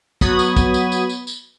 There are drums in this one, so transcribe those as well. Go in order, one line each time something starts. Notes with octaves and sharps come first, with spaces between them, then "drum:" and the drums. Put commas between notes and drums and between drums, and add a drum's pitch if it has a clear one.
F#3 B3 F#4 B5 D#6 G#6, drum: kick, tambourine
drum: tambourine
drum: kick, tambourine
drum: tambourine
drum: tambourine
drum: tambourine
drum: tambourine